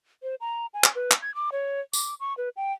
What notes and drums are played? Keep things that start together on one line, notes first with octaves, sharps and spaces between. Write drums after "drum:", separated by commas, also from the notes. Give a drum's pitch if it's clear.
C5
A#5
G#5
drum: clap
B4
drum: clap
G#6
D6
C#5
D6, drum: tambourine
C#6
B4
G5